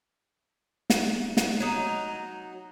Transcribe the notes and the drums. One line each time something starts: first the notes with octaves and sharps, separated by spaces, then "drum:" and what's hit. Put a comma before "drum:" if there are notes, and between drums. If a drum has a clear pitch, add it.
drum: snare
drum: snare
F#3 D#4